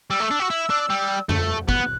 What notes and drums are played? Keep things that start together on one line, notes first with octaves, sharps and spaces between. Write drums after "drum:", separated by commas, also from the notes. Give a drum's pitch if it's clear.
G3 E6
A3
D4
F#4
E4
D4
G3
A3, drum: tom F2
B3 F#6, drum: kick